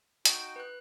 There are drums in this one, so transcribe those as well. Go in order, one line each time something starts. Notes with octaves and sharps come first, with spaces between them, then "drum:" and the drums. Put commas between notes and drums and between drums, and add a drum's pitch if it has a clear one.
D#4 F#4 G5, drum: hi-hat
B4 F#6